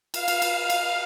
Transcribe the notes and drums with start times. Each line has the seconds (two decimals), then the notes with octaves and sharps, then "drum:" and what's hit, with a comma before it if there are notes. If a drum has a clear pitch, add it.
0.14 F5, drum: cymbal
0.28 drum: cymbal
0.42 drum: cymbal
0.70 drum: cymbal